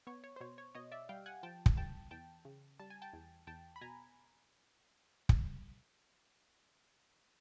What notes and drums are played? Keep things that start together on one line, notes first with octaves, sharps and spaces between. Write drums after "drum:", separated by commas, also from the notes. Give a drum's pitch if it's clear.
B3 C#5
C#5
C5
B2 C#5
C#5
B2 C#5 D#5
D5 E5
G3 F5 G5
F#5 G#5
F3 G5 A5
drum: kick
E2 G5 A5
E2 G5 A5
C#3
G3 A5
G#5
G5 A5
E2
E2 G5 A5
B5
B2 G#5 A#5
drum: kick